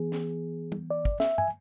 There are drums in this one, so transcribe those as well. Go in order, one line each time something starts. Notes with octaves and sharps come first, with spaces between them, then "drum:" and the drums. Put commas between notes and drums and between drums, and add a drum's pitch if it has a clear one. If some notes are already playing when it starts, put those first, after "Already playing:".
Already playing: E3 B3 G#4
drum: snare
drum: tom
D5
drum: kick
E5, drum: snare
G#5, drum: tom